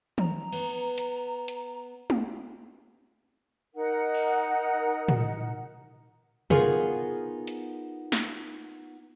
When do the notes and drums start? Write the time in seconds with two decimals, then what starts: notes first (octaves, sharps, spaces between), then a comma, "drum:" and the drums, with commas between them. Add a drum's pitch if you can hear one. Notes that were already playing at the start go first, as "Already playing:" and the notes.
0.18 A#5, drum: tom
0.53 B3 C#5, drum: cymbal
0.98 drum: hi-hat
1.48 drum: hi-hat
2.10 drum: tom
3.75 D#4 A#4 F#5
4.14 drum: cymbal
5.09 drum: tom A2
6.50 B3 D#4 F4 G#4 A#4 C#5, drum: tom
7.47 drum: hi-hat
8.12 drum: snare